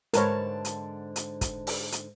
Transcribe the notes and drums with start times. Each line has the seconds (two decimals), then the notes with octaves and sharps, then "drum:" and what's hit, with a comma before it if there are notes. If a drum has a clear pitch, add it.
0.14 G#2 D3 A#4 B4 C#5 A5, drum: hi-hat
0.65 drum: hi-hat
1.16 drum: hi-hat
1.41 drum: kick, hi-hat
1.67 drum: open hi-hat
1.92 drum: hi-hat